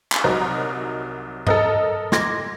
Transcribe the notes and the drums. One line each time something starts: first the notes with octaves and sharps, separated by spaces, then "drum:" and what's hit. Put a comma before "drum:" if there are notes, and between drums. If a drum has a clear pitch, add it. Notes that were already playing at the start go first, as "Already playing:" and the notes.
drum: clap
C2 F#3 D#4 A#4
A4 A#4 D#5, drum: tom
C6 D6 G#6 A#6, drum: snare